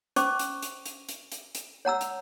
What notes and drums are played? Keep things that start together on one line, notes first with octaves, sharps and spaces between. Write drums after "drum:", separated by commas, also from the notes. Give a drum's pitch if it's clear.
C#4 C5 C#6 D6, drum: hi-hat
drum: hi-hat
drum: hi-hat
drum: hi-hat
drum: hi-hat
drum: hi-hat
drum: hi-hat
C#5 F#5 A#5 E6
drum: hi-hat